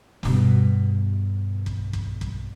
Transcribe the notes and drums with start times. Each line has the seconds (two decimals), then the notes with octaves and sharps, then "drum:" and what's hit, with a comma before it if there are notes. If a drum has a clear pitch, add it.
0.23 G2 B2, drum: snare
1.66 drum: kick
1.93 drum: kick
2.21 drum: kick